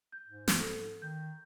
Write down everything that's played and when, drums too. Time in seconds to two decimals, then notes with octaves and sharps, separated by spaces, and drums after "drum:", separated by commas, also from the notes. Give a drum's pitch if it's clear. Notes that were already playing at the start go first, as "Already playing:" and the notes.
0.12 G6
0.28 G#2
0.48 drum: snare
0.60 A4
1.02 D#3 G6